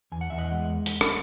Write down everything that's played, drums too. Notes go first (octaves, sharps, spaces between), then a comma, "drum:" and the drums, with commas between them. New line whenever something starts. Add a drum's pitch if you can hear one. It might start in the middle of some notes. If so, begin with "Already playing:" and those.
E2 G#5
F#5
E2 E5
D#5 F#5
G#3
drum: hi-hat
drum: rim click